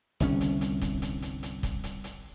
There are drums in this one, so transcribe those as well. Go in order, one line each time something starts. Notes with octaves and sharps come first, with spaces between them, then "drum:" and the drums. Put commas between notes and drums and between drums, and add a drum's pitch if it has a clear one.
G1 C2 C#4, drum: hi-hat
drum: hi-hat
drum: hi-hat
drum: kick, hi-hat
drum: hi-hat
drum: hi-hat
drum: hi-hat
drum: kick, hi-hat
drum: hi-hat
drum: hi-hat